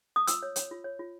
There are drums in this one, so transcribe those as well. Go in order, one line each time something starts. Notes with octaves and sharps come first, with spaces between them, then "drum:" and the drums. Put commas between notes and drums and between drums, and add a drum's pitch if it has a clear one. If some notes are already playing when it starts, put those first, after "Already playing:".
D#6
F4 E6, drum: hi-hat
C#5
C#5, drum: hi-hat
F4
C#5
F4